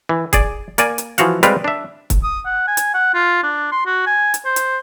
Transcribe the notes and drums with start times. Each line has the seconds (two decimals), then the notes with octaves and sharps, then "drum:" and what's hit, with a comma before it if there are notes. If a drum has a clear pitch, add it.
0.09 E3
0.33 G#4 D5, drum: kick, hi-hat
0.78 A#3 D5 G#5, drum: hi-hat
0.98 drum: hi-hat
1.18 E3 F3 F#4 F5 F#5, drum: hi-hat
1.43 G3 G#3 C4 B4 D5 F5, drum: hi-hat
1.64 D4 E5
2.10 drum: kick, hi-hat
2.24 D#6
2.46 F#5
2.68 G#5
2.77 drum: hi-hat
2.94 F#5
3.14 F4
3.43 D4
3.72 C6
3.86 F#4
4.07 G#5
4.34 drum: hi-hat
4.45 C5
4.56 drum: hi-hat